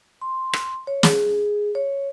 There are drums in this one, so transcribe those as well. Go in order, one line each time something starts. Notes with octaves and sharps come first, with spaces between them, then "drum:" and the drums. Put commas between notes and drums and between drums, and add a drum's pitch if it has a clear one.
C6
drum: rim click
C#5
G#4, drum: snare
C#5